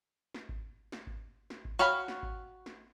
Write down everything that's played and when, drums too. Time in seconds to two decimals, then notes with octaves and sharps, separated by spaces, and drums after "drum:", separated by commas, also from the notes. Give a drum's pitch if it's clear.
0.34 drum: snare
0.49 drum: kick G#1
0.92 drum: snare
1.07 drum: kick G#1
1.50 drum: snare
1.65 drum: kick G#1
1.79 F#4 C#5 F5 G5 B5
2.08 drum: snare
2.23 drum: kick G#1
2.66 drum: snare